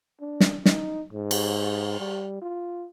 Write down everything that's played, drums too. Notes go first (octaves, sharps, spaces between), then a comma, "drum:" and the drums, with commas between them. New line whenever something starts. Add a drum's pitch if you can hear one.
D4
drum: snare
D#4, drum: snare
G#2
drum: cymbal
G3
F4